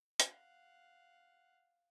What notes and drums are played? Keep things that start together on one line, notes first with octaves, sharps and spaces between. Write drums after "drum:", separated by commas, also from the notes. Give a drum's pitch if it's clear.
F5 F#5, drum: hi-hat